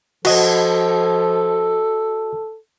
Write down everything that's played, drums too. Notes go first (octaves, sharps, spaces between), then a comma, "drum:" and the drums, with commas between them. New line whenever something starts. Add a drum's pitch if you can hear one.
F3 F#4 A4 D#5 F#5, drum: cymbal